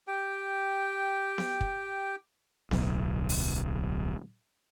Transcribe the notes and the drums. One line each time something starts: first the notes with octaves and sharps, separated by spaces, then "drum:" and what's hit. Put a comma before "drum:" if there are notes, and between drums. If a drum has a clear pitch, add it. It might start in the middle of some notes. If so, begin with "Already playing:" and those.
G4 G5
drum: snare B3
drum: kick
D1 B1, drum: snare B3
drum: open hi-hat